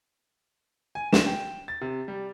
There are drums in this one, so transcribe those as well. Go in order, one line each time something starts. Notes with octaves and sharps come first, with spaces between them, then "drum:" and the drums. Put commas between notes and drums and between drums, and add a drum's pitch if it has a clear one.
G#5
E7, drum: snare
G5
A6
C3
G3